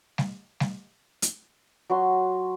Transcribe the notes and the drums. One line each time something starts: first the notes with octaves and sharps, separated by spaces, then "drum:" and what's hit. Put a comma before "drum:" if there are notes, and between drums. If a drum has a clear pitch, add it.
drum: snare G3
drum: snare G3
drum: hi-hat
F#3 F#4 C6